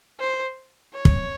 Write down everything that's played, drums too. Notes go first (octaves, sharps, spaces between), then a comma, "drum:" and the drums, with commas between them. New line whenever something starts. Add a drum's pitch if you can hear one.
C5
C#5
drum: kick